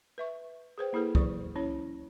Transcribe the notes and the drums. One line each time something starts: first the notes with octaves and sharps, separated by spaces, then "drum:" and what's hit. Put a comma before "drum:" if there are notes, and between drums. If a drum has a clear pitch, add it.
B4 E5 C#6
G#4 B4 C5 G5
A#3 E4 G#4 A4 B4
E3 F#3 D5 C#6, drum: kick
C#4 E4 C#5